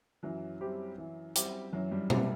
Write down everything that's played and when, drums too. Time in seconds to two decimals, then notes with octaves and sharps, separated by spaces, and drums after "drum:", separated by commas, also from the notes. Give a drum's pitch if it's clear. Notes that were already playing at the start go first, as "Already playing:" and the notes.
0.23 F#2 E3 F#3
0.60 G3 C4 E4 G4
0.98 E3
1.35 G3 C4 E4 G4, drum: hi-hat
1.72 F#2 E3 F#3
1.91 G2 G3
2.10 C3 G3 B3 C4 E4 G4, drum: tom